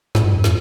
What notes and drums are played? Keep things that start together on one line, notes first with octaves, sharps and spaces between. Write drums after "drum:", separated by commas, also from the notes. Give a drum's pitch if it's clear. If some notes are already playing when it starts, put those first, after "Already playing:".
A2, drum: snare
G2
F2
drum: snare